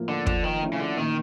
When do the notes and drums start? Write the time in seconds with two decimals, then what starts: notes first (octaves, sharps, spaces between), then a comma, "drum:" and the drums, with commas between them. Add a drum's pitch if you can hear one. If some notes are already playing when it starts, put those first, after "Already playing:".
Already playing: A2 F3 A#3
0.09 D3
0.27 D3 F3, drum: kick
0.44 D#3
0.62 A3 C#4 E4
0.73 C#3
0.79 D3
0.97 A#2 D#3